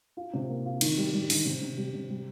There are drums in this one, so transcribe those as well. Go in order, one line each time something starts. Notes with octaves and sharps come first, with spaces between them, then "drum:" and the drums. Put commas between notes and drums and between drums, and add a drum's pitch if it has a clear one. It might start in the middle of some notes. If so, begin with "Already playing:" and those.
F4
C3
A#3
F4
D#3, drum: cymbal
G3
G3
D#3, drum: open hi-hat
C3
C3
G3
C3
G3